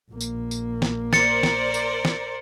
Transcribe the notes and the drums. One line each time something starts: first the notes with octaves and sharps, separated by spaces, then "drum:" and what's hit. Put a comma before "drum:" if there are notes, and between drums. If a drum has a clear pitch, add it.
A#1 A#3
drum: tambourine
drum: tambourine
drum: snare
A#4 C5 D5 A6 C#7, drum: snare
drum: snare
drum: tambourine
drum: snare